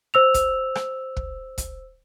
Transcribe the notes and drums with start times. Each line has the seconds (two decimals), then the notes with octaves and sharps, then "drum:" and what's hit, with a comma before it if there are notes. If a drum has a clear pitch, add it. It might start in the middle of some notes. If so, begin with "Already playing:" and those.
0.14 C5 E6 F7
0.34 drum: kick, hi-hat
0.75 drum: rim click
1.17 drum: kick
1.58 drum: kick, hi-hat